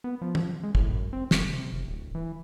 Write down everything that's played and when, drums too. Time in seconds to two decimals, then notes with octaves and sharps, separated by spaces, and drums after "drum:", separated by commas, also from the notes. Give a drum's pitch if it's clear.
0.04 B3
0.22 F3
0.35 drum: tom E3
0.63 G#3
0.75 A2, drum: kick
0.91 F#2
1.13 C4
1.31 F1, drum: snare
1.49 C3
1.73 F1
1.87 D1
2.15 E3